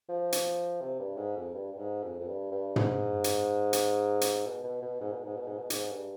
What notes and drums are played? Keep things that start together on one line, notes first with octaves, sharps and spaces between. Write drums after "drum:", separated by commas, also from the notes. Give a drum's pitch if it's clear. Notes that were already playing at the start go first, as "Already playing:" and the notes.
F3
drum: hi-hat
C3
G2
G#2
F2
G2
G2
G#2
F2
F2
G2
G2
G#2, drum: tom
drum: hi-hat
drum: hi-hat
drum: hi-hat
B2
B2
B2
G#2
B2
G#2
B2
G#2
B2
G#2, drum: hi-hat
G2